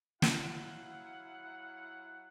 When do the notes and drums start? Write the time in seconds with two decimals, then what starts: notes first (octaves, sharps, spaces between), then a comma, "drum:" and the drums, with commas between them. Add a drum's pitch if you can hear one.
0.22 F#3 E4 F5 F#5, drum: snare